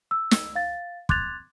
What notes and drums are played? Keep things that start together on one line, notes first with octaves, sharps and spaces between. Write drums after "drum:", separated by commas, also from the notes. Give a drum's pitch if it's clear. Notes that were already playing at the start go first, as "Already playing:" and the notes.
E6
drum: snare
F5 A6
C6 D6 F#6 G#6 A6 F7, drum: kick